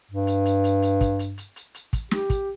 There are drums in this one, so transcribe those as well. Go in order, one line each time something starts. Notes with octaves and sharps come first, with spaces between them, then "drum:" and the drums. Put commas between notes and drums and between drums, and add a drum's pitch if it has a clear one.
G2
drum: hi-hat
drum: hi-hat
drum: hi-hat
drum: hi-hat
drum: kick, hi-hat
drum: hi-hat
drum: hi-hat
drum: hi-hat
drum: hi-hat
drum: kick, hi-hat
G4, drum: snare
drum: kick, hi-hat